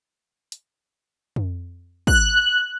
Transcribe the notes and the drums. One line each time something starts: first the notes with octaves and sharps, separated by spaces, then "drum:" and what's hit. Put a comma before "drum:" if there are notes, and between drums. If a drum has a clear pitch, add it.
drum: hi-hat
drum: tom F2
F#6, drum: kick